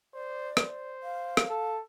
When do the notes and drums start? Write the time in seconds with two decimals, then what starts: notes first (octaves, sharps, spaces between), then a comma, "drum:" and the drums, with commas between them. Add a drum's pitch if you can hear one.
0.14 C5 D5
0.57 C5, drum: rim click
1.03 F5
1.37 drum: rim click
1.49 A4